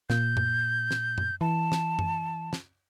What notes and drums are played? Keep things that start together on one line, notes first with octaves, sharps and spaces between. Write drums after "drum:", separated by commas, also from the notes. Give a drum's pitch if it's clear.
A#2 G6, drum: snare
drum: tom F#2
drum: snare
drum: tom F#2
E3 A5
drum: snare
drum: tom F#2
drum: snare